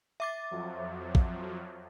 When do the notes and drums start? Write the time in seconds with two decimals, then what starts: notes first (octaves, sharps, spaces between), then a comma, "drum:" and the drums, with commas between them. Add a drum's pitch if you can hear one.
0.20 E5 D6 A6
0.51 F2 F3 F#3
1.15 drum: kick